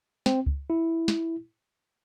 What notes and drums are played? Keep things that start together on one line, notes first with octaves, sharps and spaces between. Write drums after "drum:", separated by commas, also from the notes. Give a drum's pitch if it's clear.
C4, drum: snare
drum: kick C#2
E4
drum: snare